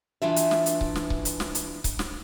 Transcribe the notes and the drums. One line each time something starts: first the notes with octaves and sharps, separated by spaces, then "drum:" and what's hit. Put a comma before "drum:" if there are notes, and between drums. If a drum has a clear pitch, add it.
E3 D4 F4 E5
drum: hi-hat
drum: snare
drum: hi-hat
drum: kick C#1
drum: snare
drum: kick C#1
drum: hi-hat
drum: snare
drum: hi-hat
drum: kick C#1, hi-hat
drum: snare